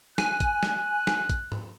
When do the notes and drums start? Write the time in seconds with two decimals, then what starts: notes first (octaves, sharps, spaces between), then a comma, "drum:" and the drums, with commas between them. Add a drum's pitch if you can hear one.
0.18 G#5 F#6, drum: snare
0.40 drum: kick, hi-hat
0.63 drum: snare
1.07 drum: snare
1.29 drum: kick, hi-hat
1.52 drum: tom